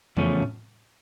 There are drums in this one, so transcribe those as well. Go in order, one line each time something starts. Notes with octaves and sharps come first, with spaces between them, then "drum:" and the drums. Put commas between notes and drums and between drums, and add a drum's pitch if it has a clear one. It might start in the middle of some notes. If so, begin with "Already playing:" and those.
E2 C#3 F3 A3 C#4, drum: tom F2
drum: tom A2